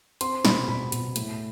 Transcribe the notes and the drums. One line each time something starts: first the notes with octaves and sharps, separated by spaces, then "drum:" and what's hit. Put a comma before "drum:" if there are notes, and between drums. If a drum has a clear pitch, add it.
C4 C6, drum: hi-hat
B2 B5, drum: snare
B2 B5
B2, drum: hi-hat
A2, drum: hi-hat